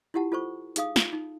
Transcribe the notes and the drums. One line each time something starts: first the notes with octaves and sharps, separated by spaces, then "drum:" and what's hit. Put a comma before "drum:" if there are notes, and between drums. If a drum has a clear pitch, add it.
E4 F4 G4 F#5 A5
F4 A4 C5 C#6
D#4 G#4 F5 D#6, drum: hi-hat
F4, drum: snare
D#4